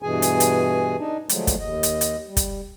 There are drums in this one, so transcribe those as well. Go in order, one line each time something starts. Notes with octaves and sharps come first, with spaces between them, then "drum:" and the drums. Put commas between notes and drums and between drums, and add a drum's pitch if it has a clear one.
G2 B2 E3 G#4 G#5
drum: hi-hat
drum: hi-hat
D4 D#4
D3 F3 F#3 G#3 A3, drum: hi-hat
drum: kick, hi-hat
D#2 D#5
drum: hi-hat
drum: hi-hat
G3
drum: kick, hi-hat